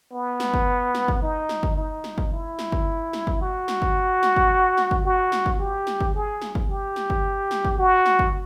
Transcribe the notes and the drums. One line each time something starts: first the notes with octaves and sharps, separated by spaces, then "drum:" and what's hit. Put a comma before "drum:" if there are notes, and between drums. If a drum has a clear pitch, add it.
B3
drum: snare
drum: kick G1
drum: snare
drum: kick G1
D#4
drum: snare
drum: kick G1
D#4
drum: snare
drum: kick G1
E4
drum: snare
drum: kick G1
drum: snare
drum: kick G1
F#4
drum: snare
drum: kick G1
drum: snare
drum: kick G1
drum: snare
drum: kick G1
F#4
drum: snare
drum: kick G1
G4
drum: snare
drum: kick G1
G#4
drum: snare
drum: kick G1
G4
drum: snare
drum: kick G1
drum: snare
drum: kick G1
F#4
drum: snare
drum: kick G1